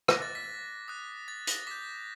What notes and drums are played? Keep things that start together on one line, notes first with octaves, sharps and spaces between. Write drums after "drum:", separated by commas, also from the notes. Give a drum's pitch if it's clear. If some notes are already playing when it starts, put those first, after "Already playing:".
D6 F#6 A#6, drum: rim click
A6
B6
D#6 F#6
A6
A#6, drum: hi-hat
D6 G6 B6